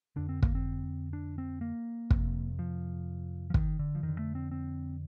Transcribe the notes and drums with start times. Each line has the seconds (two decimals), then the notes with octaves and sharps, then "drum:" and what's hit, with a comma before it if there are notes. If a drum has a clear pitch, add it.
0.16 F2 D3 D4
0.29 C4
0.43 A#3, drum: kick
0.55 C4
1.13 D4
1.38 C4
1.61 A#3
2.10 F2 C3, drum: kick
2.59 F3
3.50 F3
3.54 D#3, drum: kick
3.79 D3
3.95 F3
4.03 F2 D#3
4.08 D3
4.19 A3
4.35 C4
4.51 C4